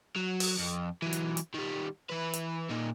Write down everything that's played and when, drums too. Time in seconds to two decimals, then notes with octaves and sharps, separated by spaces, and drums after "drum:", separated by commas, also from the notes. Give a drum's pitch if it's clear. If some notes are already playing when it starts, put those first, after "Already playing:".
0.16 F#3
0.40 drum: open hi-hat
0.59 F2
1.02 E3 F#3
1.13 drum: hi-hat
1.37 drum: hi-hat
1.54 D#3 G3
2.09 E3 B4
2.33 drum: hi-hat
2.69 A#2 D#4